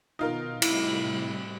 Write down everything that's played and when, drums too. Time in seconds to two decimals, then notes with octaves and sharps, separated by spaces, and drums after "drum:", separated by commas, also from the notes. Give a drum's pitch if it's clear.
0.19 B2 D#3 D#4 F4 A#4
0.62 A2 C3 G3 E4, drum: cymbal